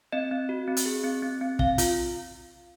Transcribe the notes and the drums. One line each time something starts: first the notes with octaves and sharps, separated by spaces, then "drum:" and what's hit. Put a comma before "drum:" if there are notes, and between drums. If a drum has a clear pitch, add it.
C4 D#5
C4
F#4
C4
drum: hi-hat
G#4
C4
C4
C4
C4 F5, drum: kick
F4, drum: hi-hat